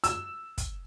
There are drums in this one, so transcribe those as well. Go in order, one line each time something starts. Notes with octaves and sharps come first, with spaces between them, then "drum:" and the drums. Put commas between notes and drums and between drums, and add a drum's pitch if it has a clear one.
E6, drum: hi-hat
drum: kick, hi-hat